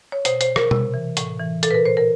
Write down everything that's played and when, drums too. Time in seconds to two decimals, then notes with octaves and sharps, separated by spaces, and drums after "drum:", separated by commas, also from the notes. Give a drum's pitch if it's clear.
0.12 C#5
0.25 B2 C5, drum: hi-hat
0.41 C5, drum: hi-hat
0.56 A#4, drum: rim click
0.71 C3, drum: tom B2
0.94 E3
1.17 A2, drum: hi-hat
1.40 E3
1.63 A#2 A4, drum: hi-hat
1.71 B4
1.74 A#4
1.86 C5
1.97 A#4